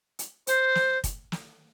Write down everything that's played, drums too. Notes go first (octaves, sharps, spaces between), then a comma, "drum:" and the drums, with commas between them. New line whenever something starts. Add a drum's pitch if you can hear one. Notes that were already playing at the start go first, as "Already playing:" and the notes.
drum: hi-hat
C5, drum: hi-hat
drum: snare
drum: kick, hi-hat
drum: snare